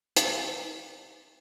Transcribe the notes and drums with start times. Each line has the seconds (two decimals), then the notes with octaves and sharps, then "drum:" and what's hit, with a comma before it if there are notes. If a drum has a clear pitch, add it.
0.16 G4, drum: hi-hat